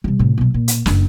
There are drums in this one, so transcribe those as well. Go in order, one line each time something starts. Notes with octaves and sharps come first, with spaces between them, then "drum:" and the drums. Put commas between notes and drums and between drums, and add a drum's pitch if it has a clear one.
C3 G3
A2 C3
B2 F#3
A#2
drum: hi-hat
F#1 D4, drum: snare